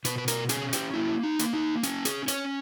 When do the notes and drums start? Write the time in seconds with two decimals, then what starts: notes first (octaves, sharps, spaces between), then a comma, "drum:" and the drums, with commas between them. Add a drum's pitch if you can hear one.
0.05 B2 B4, drum: hi-hat
0.18 B4
0.28 A#4, drum: hi-hat
0.49 C#4 G#4, drum: hi-hat
0.73 G4, drum: hi-hat
0.94 A#3 E4
1.23 D#4
1.39 A#3, drum: hi-hat
1.53 D#4
1.83 C#4, drum: hi-hat
2.05 G#4, drum: hi-hat
2.28 C#4 C#5, drum: hi-hat